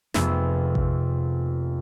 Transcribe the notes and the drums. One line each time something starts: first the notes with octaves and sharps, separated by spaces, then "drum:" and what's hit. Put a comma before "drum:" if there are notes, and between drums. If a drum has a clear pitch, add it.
F1 F2 C3 B3 G#4 E5, drum: snare
drum: kick A1